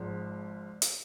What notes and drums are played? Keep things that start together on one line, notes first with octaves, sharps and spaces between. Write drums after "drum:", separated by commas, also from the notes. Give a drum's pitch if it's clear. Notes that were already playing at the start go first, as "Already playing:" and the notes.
Already playing: G#1 G#2 F3
drum: hi-hat